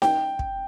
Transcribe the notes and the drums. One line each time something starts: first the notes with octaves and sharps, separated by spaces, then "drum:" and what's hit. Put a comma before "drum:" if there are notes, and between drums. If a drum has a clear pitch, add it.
G5, drum: snare D#4
drum: kick